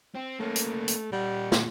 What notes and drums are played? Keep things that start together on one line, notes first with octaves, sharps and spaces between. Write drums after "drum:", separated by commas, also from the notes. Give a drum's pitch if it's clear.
C4
A3 A#3 C#4
drum: hi-hat
drum: hi-hat
A#2 G3 F#5
drum: snare